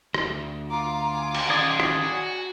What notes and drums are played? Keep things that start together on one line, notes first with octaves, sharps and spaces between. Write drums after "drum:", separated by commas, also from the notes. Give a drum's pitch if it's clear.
D2, drum: rim click
F4 A#5 D6
G#5
drum: cymbal
D#3 C#4 G#4 D5 G#5 D#6
drum: rim click
F#4